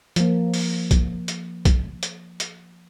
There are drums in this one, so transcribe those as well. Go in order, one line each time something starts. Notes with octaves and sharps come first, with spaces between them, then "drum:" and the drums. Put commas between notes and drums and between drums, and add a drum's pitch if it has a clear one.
F3 A#3, drum: hi-hat
drum: open hi-hat
drum: kick, hi-hat
drum: hi-hat
drum: kick, hi-hat
drum: hi-hat
drum: hi-hat